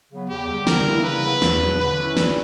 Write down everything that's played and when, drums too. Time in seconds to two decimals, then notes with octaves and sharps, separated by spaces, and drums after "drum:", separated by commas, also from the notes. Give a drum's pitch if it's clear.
0.10 C#3 F#3 B3
0.29 E2 G4
0.48 D3 G3
0.67 D3 A#4, drum: snare
0.86 G3 A#3 C#4 E4
1.04 C#3 B4
1.23 F#3 B3 E4
1.42 E2, drum: snare
1.60 B2 F#3 B3
1.79 D3 B4
1.98 F#3 C#4 E4
2.17 A#2, drum: snare